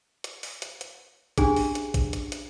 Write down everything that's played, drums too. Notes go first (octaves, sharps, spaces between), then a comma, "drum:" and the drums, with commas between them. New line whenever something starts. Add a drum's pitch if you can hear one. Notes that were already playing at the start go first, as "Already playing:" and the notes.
drum: hi-hat
drum: open hi-hat
drum: hi-hat
drum: hi-hat
C#4 D4 G4 G#4, drum: kick, hi-hat
drum: open hi-hat
drum: hi-hat
drum: kick, hi-hat
drum: hi-hat
drum: hi-hat